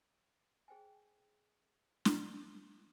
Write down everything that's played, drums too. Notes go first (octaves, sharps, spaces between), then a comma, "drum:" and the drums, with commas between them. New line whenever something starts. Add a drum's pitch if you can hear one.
G#4 C5 G5 G#5
drum: snare